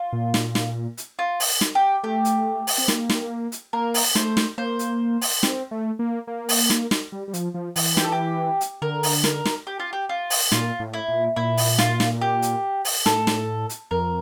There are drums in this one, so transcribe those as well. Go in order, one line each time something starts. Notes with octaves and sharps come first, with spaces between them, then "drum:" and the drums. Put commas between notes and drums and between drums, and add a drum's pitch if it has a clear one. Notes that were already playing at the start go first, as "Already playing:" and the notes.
Already playing: F4
A#2
drum: snare
drum: snare
drum: hi-hat
F4
drum: open hi-hat
drum: snare
G4
A3 G4
drum: hi-hat
drum: open hi-hat
C4
A#3, drum: snare
drum: snare
drum: hi-hat
A#3 A#4
drum: open hi-hat
A3 C5, drum: snare
drum: snare
A#3 C5
drum: hi-hat
drum: open hi-hat
C4, drum: snare
A3
A#3
A#3
drum: open hi-hat
drum: snare
drum: snare
G3
G3
F3, drum: hi-hat
F3
E3, drum: open hi-hat
G4, drum: snare
A4
G4
drum: hi-hat
D3 A#4
drum: open hi-hat
A#4, drum: snare
drum: snare
G4
F4
G4
F4
drum: open hi-hat
A#2 F4, drum: snare
A2
E4
A#2
A#2 E4
drum: open hi-hat
F4, drum: snare
drum: snare
G4
drum: hi-hat
drum: open hi-hat
A2 A4, drum: snare
drum: snare
drum: hi-hat
F2 A#4